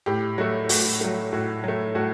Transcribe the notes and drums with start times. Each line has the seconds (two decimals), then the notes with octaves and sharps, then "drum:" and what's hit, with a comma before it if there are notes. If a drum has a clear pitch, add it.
0.06 A2 G4
0.38 F#3 A3 F#4
0.69 A2 F#4, drum: open hi-hat
1.01 F#3 A3
1.32 A2 F#4
1.64 F#3 A3
1.95 A2 F#4